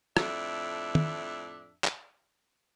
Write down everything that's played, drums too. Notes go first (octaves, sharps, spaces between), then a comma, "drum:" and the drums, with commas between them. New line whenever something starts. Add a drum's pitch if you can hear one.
F2 A2 D4 E5, drum: rim click
drum: tom
drum: clap